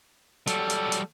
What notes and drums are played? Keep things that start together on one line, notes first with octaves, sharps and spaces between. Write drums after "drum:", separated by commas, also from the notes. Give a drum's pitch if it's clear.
F#3 G3 A4, drum: hi-hat
drum: hi-hat
drum: hi-hat